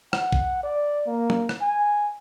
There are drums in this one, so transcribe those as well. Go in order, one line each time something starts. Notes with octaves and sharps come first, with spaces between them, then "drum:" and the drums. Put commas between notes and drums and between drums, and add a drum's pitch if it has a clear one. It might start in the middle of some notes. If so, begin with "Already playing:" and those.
F#5, drum: rim click
drum: kick A#1
D5
A#3
drum: tom
drum: rim click
G#5